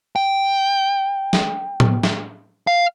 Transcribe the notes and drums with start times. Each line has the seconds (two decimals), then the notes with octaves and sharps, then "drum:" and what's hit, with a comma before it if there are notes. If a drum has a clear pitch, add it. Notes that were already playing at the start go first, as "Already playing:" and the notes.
0.16 G5
1.33 drum: snare
1.80 drum: tom A2
2.03 drum: snare
2.67 F5